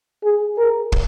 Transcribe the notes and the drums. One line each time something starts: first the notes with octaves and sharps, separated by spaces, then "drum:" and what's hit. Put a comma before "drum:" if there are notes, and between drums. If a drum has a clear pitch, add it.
G#4
A#4
drum: kick